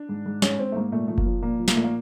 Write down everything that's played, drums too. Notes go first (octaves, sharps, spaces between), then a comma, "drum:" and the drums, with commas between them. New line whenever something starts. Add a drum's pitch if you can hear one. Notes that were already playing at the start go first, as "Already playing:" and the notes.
Already playing: D4
G#2
G#2
G#2 C#4, drum: snare
G#2 C4
A3
G#2 A#3
A#2 A3
F3 A3
A#3, drum: kick F#1
F3
A#2 A#3
F3
A#3, drum: snare
A#2 A3
A#3